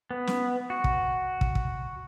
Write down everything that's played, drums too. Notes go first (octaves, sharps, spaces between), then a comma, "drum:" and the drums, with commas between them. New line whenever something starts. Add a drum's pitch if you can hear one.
B3
drum: snare
F#4
drum: kick
drum: kick
drum: kick